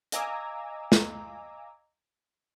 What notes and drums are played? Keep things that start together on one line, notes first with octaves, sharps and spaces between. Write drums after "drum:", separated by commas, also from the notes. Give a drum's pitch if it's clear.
D#5 F5 G#5 A#5 D6 E6, drum: hi-hat
drum: snare